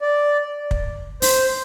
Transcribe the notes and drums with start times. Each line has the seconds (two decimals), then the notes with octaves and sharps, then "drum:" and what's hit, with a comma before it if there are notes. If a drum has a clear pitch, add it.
0.01 D5
0.71 drum: kick
1.22 C5, drum: open hi-hat